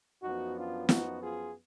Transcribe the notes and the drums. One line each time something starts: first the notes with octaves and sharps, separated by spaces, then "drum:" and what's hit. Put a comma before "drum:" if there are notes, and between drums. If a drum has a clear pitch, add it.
F#2 F3 B3 D#4 F#4
D4 F4
D#4 F#4, drum: snare
F4 G#4